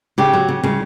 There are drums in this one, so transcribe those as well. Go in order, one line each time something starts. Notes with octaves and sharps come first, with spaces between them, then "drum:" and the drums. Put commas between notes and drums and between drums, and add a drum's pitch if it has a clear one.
C#3 G4
F#3
C#3
C#3, drum: tom